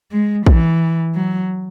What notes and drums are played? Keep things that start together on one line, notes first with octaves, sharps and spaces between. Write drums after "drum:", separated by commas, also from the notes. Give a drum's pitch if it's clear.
G#3
E3, drum: kick
F#3